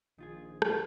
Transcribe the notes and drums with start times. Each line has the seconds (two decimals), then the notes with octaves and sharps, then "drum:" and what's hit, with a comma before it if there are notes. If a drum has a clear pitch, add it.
0.18 A#1 D#3 F4 G#4
0.62 drum: rim click